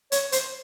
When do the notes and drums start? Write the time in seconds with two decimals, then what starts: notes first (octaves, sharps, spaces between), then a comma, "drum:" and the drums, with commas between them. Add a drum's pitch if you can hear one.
0.12 C#5, drum: hi-hat
0.32 C5, drum: hi-hat